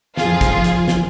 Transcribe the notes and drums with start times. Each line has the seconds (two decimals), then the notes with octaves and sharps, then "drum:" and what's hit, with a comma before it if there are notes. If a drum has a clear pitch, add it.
0.17 F2 F3 F4 G#4, drum: snare
0.41 drum: kick, hi-hat
0.64 drum: hi-hat
0.88 drum: snare